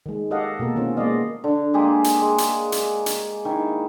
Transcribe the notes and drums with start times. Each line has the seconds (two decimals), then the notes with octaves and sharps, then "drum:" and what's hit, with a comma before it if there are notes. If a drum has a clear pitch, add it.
0.06 D#3 G#3
0.31 G4 A4 D#5 F5 F#5
0.59 B2 A#3 A4 A#4
0.75 D#3 C4 C#4 F4
0.97 G#3 A#3 B3 D5 D#5 F5
1.44 D3
1.74 G#3 A#3 G4 G#4
2.04 drum: hi-hat
2.21 G#3
2.38 drum: hi-hat
2.72 drum: hi-hat
3.06 drum: hi-hat
3.45 D#3 E4